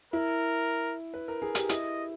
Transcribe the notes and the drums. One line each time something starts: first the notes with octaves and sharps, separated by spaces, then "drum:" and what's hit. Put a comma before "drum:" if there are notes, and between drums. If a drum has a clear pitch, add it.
E4 A#4
B4
A#4
G#4
G4, drum: hi-hat
E4 D#5, drum: hi-hat